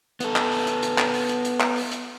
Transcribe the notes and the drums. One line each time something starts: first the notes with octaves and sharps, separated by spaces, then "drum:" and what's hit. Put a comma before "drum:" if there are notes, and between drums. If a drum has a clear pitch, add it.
B3 A4, drum: hi-hat
drum: clap
drum: open hi-hat
drum: hi-hat
drum: hi-hat
drum: clap
drum: open hi-hat
drum: hi-hat
drum: hi-hat
drum: clap
drum: open hi-hat
drum: hi-hat